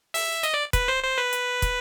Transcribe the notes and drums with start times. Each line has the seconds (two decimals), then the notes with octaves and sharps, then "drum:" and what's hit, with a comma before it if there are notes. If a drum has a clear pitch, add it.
0.14 E5, drum: open hi-hat
0.43 D#5, drum: hi-hat
0.54 D5
0.73 B4, drum: kick, hi-hat
0.88 C5
1.03 C5
1.18 B4
1.33 drum: hi-hat
1.62 drum: kick, hi-hat